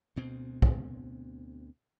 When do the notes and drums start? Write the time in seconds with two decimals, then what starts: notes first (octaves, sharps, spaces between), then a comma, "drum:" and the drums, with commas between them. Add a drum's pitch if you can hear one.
0.16 D2 B2 C4
0.62 drum: kick